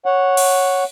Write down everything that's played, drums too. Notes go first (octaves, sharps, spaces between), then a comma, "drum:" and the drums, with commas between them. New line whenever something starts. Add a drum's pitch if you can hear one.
C#5 F#5
drum: cymbal